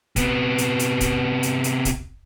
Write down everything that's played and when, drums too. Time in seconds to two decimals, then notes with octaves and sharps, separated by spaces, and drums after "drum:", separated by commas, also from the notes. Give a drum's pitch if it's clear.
0.16 C3 B3, drum: kick, hi-hat
0.58 drum: hi-hat
0.79 drum: hi-hat
1.01 drum: kick, hi-hat
1.43 drum: hi-hat
1.64 drum: hi-hat
1.85 drum: kick, hi-hat